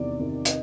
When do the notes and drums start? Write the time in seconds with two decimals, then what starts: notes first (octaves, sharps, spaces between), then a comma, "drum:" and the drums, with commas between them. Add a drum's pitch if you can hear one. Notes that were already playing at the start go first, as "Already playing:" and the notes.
Already playing: E2 C3 D#3 D5
0.19 C3 D#3
0.45 D#5, drum: hi-hat